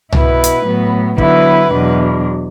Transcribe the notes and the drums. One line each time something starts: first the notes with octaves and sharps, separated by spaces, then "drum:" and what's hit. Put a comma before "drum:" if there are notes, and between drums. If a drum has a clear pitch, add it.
B2 B3 E4 B4, drum: tom C2
drum: hi-hat
A2 F#3 B3
D3 F#3 B3 E4 B4, drum: kick
E2 B2 F#3 D4